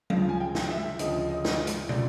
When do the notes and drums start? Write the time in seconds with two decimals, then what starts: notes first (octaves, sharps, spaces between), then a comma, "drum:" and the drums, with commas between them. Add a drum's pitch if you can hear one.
0.10 D2 C#3 F3 F5, drum: tom F#3
0.29 G#5
0.40 G5
0.55 drum: snare
0.70 E5
0.99 D2 C#3 F3 D#5, drum: hi-hat
1.30 D#5
1.45 drum: snare
1.67 drum: hi-hat
1.89 C#3 F3 D5, drum: tom